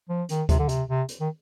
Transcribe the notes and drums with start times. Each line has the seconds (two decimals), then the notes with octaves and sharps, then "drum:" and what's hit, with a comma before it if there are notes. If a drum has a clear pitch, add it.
0.09 F3
0.29 D#3, drum: hi-hat
0.49 C3, drum: kick D2, hi-hat
0.59 D3
0.69 C3, drum: hi-hat
0.89 C3
1.08 drum: hi-hat
1.20 D#3